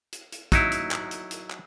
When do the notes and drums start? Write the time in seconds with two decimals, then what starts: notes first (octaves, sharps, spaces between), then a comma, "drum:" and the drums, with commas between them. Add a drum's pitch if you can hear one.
0.12 drum: hi-hat
0.32 drum: hi-hat
0.52 F#3 D#4 E4, drum: kick, hi-hat
0.72 drum: hi-hat
0.91 drum: clap
1.11 drum: hi-hat
1.31 drum: hi-hat
1.50 drum: clap